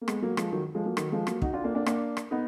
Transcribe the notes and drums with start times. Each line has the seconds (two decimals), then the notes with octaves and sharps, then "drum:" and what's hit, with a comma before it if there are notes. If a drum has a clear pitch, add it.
0.01 A#3
0.08 G#3 B3, drum: rim click
0.22 F#3 A#3
0.37 F3 G#3, drum: rim click
0.52 D#3 F#3
0.75 F3 G#3
0.86 F#3 A#3
0.97 D#3 F#3, drum: rim click
1.12 F3 G#3
1.27 F#3 A#3, drum: rim click
1.42 D#4 F#4, drum: kick
1.53 D4 F4
1.64 A#3 D4
1.75 A#3 D4
1.86 A#3 D4, drum: rim click
2.17 drum: rim click
2.31 B3 D#4